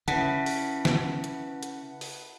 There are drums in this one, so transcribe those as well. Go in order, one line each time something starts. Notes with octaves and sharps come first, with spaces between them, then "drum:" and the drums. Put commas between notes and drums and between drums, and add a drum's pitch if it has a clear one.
C#3 E4 B4 F#5 A5 B6, drum: hi-hat
drum: open hi-hat
drum: snare
drum: hi-hat
drum: hi-hat
drum: open hi-hat